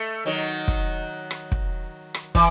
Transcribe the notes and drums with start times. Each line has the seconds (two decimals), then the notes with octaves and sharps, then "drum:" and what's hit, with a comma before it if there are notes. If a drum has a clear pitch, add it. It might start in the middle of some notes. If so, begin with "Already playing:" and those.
Already playing: A3
0.26 D#3 F#3
0.68 drum: kick
1.31 drum: rim click
1.52 drum: kick
2.14 drum: rim click
2.35 E3, drum: kick